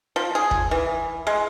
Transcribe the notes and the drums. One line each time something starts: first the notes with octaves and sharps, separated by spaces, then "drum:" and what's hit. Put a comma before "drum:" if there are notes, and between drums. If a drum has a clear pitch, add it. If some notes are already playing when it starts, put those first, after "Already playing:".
F3
G#4
drum: kick
E3
G#3